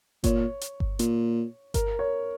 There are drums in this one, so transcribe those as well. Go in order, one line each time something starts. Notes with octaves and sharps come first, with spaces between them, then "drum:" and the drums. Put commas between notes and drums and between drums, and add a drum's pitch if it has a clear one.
A#2 C#5, drum: kick G1, hi-hat
drum: hi-hat
drum: kick G1
A#2, drum: hi-hat
A#4, drum: kick G1, hi-hat
C#5